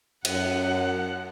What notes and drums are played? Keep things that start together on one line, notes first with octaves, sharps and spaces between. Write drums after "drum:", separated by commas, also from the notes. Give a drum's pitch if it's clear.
F#2 F#5, drum: cymbal